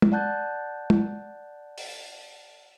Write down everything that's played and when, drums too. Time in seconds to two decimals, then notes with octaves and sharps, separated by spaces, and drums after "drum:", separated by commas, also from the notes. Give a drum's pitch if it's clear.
0.02 drum: tom
0.12 D5 F#5 A5 F#6 G6 A6
0.90 drum: tom
1.78 drum: open hi-hat